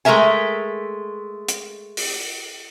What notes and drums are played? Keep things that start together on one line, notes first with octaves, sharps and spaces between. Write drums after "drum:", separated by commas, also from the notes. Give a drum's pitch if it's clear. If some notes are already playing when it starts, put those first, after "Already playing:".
G#3 A3 F4 A#4 E5 G#5
drum: hi-hat
drum: open hi-hat